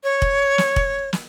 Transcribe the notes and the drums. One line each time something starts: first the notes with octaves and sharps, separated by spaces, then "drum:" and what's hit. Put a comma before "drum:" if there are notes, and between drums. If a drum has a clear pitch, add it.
C#5
drum: kick
drum: snare
drum: kick
drum: snare